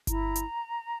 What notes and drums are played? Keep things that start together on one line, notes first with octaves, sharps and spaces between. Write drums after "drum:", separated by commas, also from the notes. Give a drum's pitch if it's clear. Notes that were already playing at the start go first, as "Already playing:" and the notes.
E4 A#5, drum: kick G1, hi-hat
drum: hi-hat